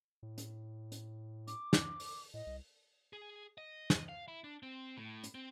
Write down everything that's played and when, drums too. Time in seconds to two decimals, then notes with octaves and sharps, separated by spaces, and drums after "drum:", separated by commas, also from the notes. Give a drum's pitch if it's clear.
0.23 A2
0.38 drum: hi-hat
0.92 drum: hi-hat
1.47 D6, drum: hi-hat
1.73 drum: snare
2.00 drum: open hi-hat
2.34 A2 D#5
2.47 C2
3.13 G#4
3.58 D#5
3.90 D#5, drum: snare
4.09 F5
4.28 E4
4.44 D4
4.63 C4
4.97 A2
5.24 drum: hi-hat
5.35 C4